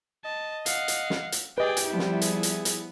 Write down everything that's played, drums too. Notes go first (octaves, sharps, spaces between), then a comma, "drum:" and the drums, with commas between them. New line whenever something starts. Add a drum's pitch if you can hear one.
D#5 A5
F5 F#5, drum: hi-hat
drum: hi-hat
drum: snare
drum: hi-hat
G4 G#4 B4 D5 D#5 G5
drum: hi-hat
F3 G3 B3 E4
drum: snare
G#4, drum: hi-hat
drum: hi-hat
drum: hi-hat